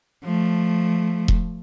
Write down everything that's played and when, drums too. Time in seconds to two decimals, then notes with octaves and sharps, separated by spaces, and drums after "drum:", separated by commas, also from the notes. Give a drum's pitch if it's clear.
0.24 F3 A3
1.28 drum: kick E1